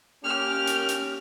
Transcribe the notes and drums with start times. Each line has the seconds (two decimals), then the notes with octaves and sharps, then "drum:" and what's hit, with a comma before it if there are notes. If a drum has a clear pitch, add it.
0.24 A#3 C#4 G4 F6
0.67 drum: hi-hat
0.89 drum: hi-hat